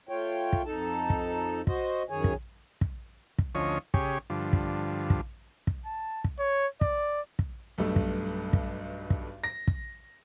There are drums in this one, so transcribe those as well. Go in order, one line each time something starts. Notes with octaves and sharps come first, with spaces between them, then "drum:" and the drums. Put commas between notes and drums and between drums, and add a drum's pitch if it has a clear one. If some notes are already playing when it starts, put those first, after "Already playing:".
A3 F4 C#5 G5
drum: kick
F2 D#4 A4 A5
drum: kick
F#4 C5 D#5, drum: kick
F#2 D#3 G#4 C#5 G#5
drum: kick
drum: kick
drum: kick
D2 F3 C#4 C#5 D#5
C#3 G4 G#4 C#5, drum: kick
G2 D3 F3
drum: kick
drum: kick
drum: kick
A5
drum: kick
C#5
D5, drum: kick
drum: kick
B1 G2 A3
drum: kick
drum: kick
drum: kick
A#6
drum: kick